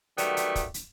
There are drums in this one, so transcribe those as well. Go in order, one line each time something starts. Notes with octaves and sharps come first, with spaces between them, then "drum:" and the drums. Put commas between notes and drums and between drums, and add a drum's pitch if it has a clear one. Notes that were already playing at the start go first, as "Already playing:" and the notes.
D#3 F#3 G3 A3 B3, drum: hi-hat
drum: hi-hat
drum: kick, hi-hat
drum: hi-hat